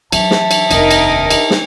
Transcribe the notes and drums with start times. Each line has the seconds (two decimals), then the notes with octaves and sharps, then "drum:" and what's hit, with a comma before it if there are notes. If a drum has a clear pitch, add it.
0.12 E3 F#3 E5 A5, drum: cymbal
0.31 drum: snare
0.51 drum: cymbal
0.71 F1 D#2 D#4 A#4 D#5, drum: cymbal
0.91 drum: cymbal
1.30 drum: cymbal
1.50 drum: snare